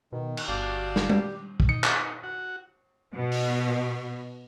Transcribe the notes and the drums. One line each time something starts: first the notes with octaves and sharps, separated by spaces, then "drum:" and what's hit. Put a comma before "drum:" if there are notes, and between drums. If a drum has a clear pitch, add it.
B2 D#3
drum: cymbal
G1 F#4 G4 D5 F5 A5
drum: snare
G3, drum: tom G3
drum: kick
D#4 C#7
D#4, drum: clap
F#4
B2
drum: open hi-hat